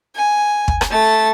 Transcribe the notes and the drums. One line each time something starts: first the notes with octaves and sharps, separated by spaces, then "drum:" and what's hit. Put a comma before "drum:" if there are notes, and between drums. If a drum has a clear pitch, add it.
G#5
drum: kick
drum: rim click
A3 A6